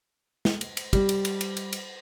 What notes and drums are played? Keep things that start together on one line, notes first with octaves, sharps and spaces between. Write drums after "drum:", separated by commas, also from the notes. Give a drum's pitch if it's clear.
drum: snare
drum: cymbal
drum: cymbal
G3, drum: kick, cymbal
drum: cymbal
drum: cymbal
drum: cymbal
drum: cymbal
drum: cymbal